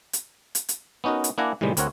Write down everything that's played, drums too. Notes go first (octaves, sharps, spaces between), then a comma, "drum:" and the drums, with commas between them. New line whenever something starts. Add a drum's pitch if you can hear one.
drum: hi-hat
drum: hi-hat
drum: hi-hat
B3 C#4 D#4 F#4 A#4
drum: hi-hat
A#3 D4 E4 F#5 G#5 A#5
A2 C3 D#3 G3 G#3
D2 C4 A#4 C#5 F#5, drum: hi-hat